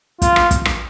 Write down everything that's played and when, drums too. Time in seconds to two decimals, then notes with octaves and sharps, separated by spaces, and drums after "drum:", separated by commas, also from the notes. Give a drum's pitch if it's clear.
0.22 F4, drum: kick, hi-hat
0.36 drum: rim click
0.51 drum: kick, hi-hat
0.65 drum: rim click